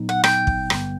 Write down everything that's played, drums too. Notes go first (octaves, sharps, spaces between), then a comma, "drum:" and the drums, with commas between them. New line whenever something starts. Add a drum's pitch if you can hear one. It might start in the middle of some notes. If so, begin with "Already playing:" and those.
Already playing: A#2 F#3 B3 D#4
F#5
G5, drum: rim click
drum: kick
G#1 G2 D3 G3 B3, drum: rim click